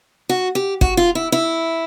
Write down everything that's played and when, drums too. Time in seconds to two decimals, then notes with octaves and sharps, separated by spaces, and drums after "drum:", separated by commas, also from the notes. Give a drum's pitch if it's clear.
0.29 F#4
0.55 G4
0.81 F#4, drum: kick
0.97 F4
1.15 E4
1.32 E4